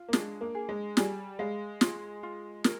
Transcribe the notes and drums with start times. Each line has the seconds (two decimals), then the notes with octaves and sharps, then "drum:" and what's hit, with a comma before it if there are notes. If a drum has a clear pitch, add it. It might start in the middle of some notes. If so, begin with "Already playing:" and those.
Already playing: F4
0.08 A#3
0.13 G#3 D4, drum: snare
0.41 A#3
0.55 G#4
0.69 G#3
0.97 G3 G#4, drum: snare
1.39 G#3 F5
1.81 F4, drum: snare
2.23 F4
2.64 A#4, drum: snare